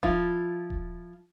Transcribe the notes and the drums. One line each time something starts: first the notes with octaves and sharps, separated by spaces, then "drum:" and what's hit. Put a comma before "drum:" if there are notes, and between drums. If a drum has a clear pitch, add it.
F3 E4 F4, drum: kick D#1
drum: kick D#1